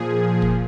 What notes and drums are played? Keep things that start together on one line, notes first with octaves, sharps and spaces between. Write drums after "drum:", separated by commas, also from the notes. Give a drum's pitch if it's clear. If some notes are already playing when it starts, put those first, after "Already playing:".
Already playing: A#2 F3 G#4
drum: kick